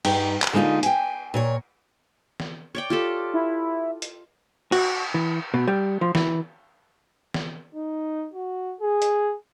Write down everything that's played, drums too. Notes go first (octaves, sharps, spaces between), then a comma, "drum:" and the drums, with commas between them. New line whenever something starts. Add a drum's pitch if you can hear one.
G2 D#4 G5 A#5, drum: cymbal
drum: clap
D3 G#3 A#3 D#4 F4
G5 G#5, drum: hi-hat
A#2 A#4 C#5
drum: snare
C#5 D5 G5
F4 G4 A4
E4
drum: hi-hat
F#4, drum: cymbal
E3
B2
G3
F3
E3, drum: snare
drum: snare
D#4
F#4
G#4
drum: hi-hat